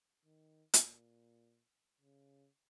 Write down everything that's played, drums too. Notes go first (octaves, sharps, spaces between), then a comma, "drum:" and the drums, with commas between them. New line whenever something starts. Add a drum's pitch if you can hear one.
D#3
A#2, drum: hi-hat
C#3